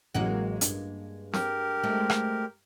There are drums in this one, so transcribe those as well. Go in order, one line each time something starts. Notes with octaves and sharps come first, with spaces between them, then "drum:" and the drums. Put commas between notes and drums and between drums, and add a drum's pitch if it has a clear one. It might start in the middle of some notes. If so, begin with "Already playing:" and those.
A1 F#3 G#3 A#3 F#4
G2, drum: hi-hat
G4 A#4, drum: snare
G#3 A3 C4
drum: rim click